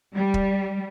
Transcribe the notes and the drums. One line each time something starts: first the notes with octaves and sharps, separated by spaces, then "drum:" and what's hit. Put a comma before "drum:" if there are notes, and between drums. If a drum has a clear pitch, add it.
G3
drum: kick